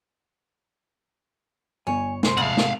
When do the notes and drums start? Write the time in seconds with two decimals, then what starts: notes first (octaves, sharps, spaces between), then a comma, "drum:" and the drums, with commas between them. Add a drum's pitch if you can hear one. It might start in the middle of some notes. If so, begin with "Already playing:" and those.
1.87 G1 C#5 G#5
2.23 C3 G#3 C5, drum: snare
2.37 F2 G#2 C3 G#3 F5 F#5
2.57 drum: snare